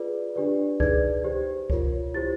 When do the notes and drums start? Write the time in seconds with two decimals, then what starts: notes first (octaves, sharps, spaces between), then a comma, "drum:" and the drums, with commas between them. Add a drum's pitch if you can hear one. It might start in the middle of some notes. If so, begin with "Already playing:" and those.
Already playing: F4 G#4 B4 D5
0.35 D4 G4 B4 D5
0.80 D#4 G#4 B4 D5 G#6, drum: kick C#2
1.24 G4 C5
1.70 F4 A#4 C#5, drum: kick C#2
2.14 E4 G4 C5 A6